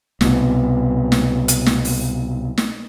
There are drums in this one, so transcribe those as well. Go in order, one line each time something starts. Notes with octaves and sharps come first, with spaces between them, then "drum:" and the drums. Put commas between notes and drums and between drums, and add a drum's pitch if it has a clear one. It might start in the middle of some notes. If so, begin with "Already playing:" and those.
C2 B2, drum: snare
drum: snare
drum: hi-hat
drum: snare
drum: open hi-hat
drum: snare